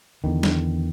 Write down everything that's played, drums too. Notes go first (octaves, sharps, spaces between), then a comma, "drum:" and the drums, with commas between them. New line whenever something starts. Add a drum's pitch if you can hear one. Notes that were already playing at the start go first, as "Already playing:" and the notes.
E2 D3 D#3
drum: snare